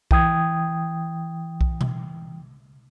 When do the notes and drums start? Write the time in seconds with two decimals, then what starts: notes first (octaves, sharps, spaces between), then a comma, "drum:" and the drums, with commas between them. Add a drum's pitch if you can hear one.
0.11 E3 G5 D#6 G#6, drum: kick B1
1.61 drum: kick B1
1.81 drum: tom B2